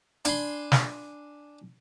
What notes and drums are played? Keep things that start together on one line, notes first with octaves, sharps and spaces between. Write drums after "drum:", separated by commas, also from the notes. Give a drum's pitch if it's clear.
D4 G#5 B5 C6, drum: hi-hat
drum: snare